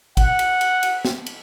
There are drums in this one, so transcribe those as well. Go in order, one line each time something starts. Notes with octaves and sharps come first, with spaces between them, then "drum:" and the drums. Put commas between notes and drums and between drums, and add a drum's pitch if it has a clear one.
F#5, drum: kick G1, cymbal
drum: cymbal
drum: cymbal
drum: cymbal
drum: snare
drum: cymbal